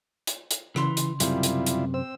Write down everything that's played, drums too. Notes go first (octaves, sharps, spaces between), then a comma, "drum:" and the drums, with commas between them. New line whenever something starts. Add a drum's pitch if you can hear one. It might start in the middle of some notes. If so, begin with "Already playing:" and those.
drum: hi-hat
drum: hi-hat
C#3 E3 C6, drum: rim click
drum: hi-hat
F#2 C3 G3 E4 F4, drum: hi-hat
drum: hi-hat
drum: hi-hat
C4 C5 E6